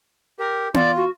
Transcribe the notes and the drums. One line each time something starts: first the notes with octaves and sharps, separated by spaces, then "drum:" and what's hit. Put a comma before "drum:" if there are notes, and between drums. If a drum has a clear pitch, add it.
G4 A#4
F4 D5, drum: tom B3
F#4